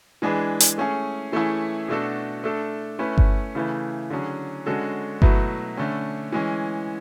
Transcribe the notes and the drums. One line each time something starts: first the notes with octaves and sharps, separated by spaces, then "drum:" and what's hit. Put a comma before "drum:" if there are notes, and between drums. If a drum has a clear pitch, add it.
E3 G#3 D4 G#4 B4
drum: hi-hat
A3 C#4 G#4
E3 A3 C#4 E4 G#4
B2 A3 D4 F#4 A4
A3 D4 A4
A3 C#4 E4 B4
drum: kick G1
C#3 E3 A3 E4 B4
D3 F#3 C#4 G#4
D3 G#3 C#4 F#4 A4
B2 F#3 A3 E4 B4, drum: kick G1
D3 A3 C#4
E3 G#3 C#4